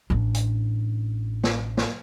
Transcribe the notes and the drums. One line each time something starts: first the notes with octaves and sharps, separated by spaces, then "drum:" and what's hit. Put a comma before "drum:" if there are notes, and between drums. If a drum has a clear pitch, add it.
A1 D4
drum: hi-hat
drum: snare
drum: snare